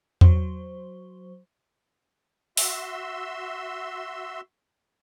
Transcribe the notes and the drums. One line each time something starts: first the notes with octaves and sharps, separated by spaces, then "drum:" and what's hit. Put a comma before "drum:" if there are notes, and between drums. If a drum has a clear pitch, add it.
F#3 C5, drum: tom E2
F#4 E5 C6 E6, drum: open hi-hat